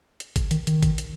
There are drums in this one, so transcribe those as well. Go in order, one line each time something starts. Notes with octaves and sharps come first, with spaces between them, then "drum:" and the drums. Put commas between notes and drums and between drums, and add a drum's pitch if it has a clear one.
drum: hi-hat
drum: kick G#1, hi-hat
D#3, drum: hi-hat
D#3, drum: hi-hat
drum: kick G#1, hi-hat
drum: hi-hat